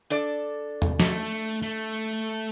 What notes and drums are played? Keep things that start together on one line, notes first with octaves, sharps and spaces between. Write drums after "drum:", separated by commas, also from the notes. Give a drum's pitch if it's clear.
D4 A4 D5
drum: tom E2
A3, drum: snare
A3